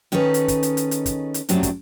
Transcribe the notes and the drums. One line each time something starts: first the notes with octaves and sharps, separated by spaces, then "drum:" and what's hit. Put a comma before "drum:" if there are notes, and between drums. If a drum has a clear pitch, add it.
D#3 C#4 D#4 G#4 A4 B4
drum: hi-hat
drum: kick, hi-hat
drum: hi-hat
drum: hi-hat
drum: hi-hat
drum: kick, hi-hat
drum: hi-hat
F#2 C3 F#3 A3 D4, drum: hi-hat
drum: kick, hi-hat